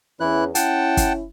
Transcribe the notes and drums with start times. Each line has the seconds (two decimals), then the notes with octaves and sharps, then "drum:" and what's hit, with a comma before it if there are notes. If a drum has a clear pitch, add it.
0.20 E2 E3 C#4 E4 F#6
0.55 C#4 E4 F#5 G5 A5, drum: hi-hat
0.97 drum: kick, hi-hat